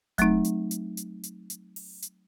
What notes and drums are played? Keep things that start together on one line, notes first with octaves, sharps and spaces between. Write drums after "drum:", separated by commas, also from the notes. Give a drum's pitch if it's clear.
F#3 A3 C4 D#4, drum: kick E1, hi-hat
drum: hi-hat
drum: hi-hat
drum: hi-hat
drum: hi-hat
drum: hi-hat
drum: open hi-hat
drum: hi-hat